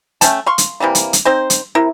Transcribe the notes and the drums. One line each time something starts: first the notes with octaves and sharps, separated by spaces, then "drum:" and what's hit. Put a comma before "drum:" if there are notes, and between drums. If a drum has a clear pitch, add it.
A3 C#4 G5 A5, drum: hi-hat
F5 C6 C#6
drum: hi-hat
C3 E3 G3 A#3
drum: hi-hat
drum: hi-hat
C4 D#4 C5
drum: hi-hat
C3 E4 A#4